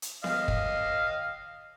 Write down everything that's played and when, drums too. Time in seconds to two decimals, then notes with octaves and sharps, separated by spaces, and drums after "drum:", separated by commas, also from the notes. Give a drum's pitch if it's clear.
0.02 drum: hi-hat
0.24 D#5 F5, drum: snare B3
0.48 drum: kick